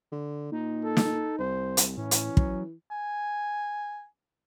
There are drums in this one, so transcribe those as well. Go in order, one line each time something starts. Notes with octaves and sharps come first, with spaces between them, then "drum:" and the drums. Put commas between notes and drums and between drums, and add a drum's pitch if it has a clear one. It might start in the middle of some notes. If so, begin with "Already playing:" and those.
D3
A#2 D#4
A4
drum: snare
C2 C5
drum: hi-hat
A2 E3 C#4
drum: hi-hat
F#3, drum: kick
G#5